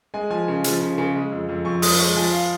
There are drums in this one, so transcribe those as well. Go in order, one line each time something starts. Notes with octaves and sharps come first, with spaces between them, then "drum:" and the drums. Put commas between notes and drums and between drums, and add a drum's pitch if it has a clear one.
G#3 G#5
F3 G#5
C#3
F3, drum: hi-hat
C#3
C#3
G#3
F2
F2
F2 C#6
F3 D#6, drum: open hi-hat
G#3 C#6
F3 G#5
F5